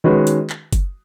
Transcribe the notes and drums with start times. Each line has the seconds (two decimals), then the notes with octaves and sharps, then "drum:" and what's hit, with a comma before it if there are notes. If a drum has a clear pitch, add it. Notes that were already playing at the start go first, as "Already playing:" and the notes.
0.04 D#3 G#3 C#4 F#4 B4
0.27 drum: hi-hat
0.50 drum: clap
0.73 drum: kick F#1, hi-hat